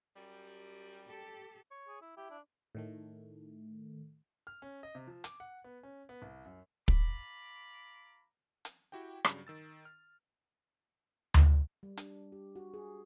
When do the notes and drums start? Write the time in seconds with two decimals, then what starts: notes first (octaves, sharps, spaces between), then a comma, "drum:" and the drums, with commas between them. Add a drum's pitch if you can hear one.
0.15 F#2 G3
1.07 G4 A4
1.71 C#5 C#6
1.88 G#4
2.02 E4
2.17 E4 G4
2.30 D4
2.75 A2 D#3 A3
4.47 F6
4.62 C#4
4.83 D#5
4.95 C3
5.07 F3
5.24 D6, drum: hi-hat
5.40 F#5
5.64 B3
5.83 C#4
6.09 B3
6.22 C2
6.45 F#2
6.88 F4 A#5 B5 D6, drum: kick
8.65 drum: hi-hat
8.92 E4 F#4 G4 G5
9.25 G2 C#3 F#3 G3, drum: rim click
9.47 D#3 E6 A6
9.85 F6
11.34 drum: tom D2
11.83 G3
11.97 D4, drum: hi-hat
12.32 G4
12.56 F#4
12.74 G#4